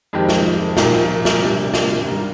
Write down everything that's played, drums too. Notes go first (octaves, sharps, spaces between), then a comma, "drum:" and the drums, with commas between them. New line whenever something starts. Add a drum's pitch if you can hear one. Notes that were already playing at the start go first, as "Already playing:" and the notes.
F2 D#3 G#3 C4 G4
drum: snare
A#2 F3 A#3 D#4 G4, drum: snare
drum: snare
C3 G3 D4
drum: snare
G#2 D#3 G3 A#3